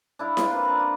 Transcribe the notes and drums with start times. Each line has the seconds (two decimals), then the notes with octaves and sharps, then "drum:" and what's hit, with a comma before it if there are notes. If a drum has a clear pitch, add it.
0.19 D4 E4 F5
0.37 F4 C6, drum: snare E4
0.50 A#3 C4 B4
0.65 D4 A#5
0.79 F4